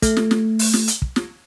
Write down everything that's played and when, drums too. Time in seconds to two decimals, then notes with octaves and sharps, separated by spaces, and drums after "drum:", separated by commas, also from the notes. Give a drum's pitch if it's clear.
0.02 A3, drum: kick, hi-hat
0.17 drum: snare
0.31 drum: snare
0.59 drum: open hi-hat
0.73 drum: snare
0.88 drum: hi-hat
1.02 drum: kick
1.16 drum: snare